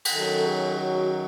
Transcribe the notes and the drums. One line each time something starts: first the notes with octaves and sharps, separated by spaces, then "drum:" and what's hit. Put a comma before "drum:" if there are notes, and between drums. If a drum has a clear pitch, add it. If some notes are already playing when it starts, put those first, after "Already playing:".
drum: cymbal
D#3 F#3 C#4 A4
G#4
F#4